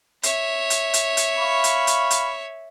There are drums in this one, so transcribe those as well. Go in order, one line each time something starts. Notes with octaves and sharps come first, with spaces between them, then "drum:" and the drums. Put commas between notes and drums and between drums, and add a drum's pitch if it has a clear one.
C#5 E5, drum: hi-hat
drum: hi-hat
drum: hi-hat
drum: hi-hat
F5 B5 C#6
drum: hi-hat
drum: hi-hat
drum: hi-hat